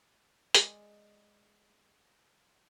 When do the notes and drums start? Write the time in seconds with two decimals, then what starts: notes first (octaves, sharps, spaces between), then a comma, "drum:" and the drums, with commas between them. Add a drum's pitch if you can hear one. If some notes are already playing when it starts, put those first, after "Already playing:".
0.55 G#3 G#4 D5, drum: hi-hat